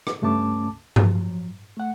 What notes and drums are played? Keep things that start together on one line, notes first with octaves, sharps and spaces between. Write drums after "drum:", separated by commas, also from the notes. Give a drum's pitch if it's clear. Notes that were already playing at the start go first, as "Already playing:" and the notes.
drum: rim click
C#2 G2 A3 C#4 A5 D6
F3 F#3, drum: tom G2
A3 F#5